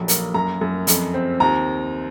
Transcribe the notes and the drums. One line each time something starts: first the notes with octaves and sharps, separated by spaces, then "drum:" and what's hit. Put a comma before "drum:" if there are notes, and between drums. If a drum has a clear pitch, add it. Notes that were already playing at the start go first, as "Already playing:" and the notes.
Already playing: F1 A#1 F#3
A#3, drum: hi-hat
F#2 A#5
F#2
F2, drum: hi-hat
C4
D#2 A#5